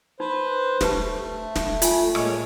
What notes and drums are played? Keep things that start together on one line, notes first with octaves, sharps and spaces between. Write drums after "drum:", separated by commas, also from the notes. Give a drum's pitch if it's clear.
D#4 B4 C5
A3 G4 B4 A5, drum: snare
drum: snare
F4 G#5, drum: hi-hat
A#2 G#3 C#5, drum: rim click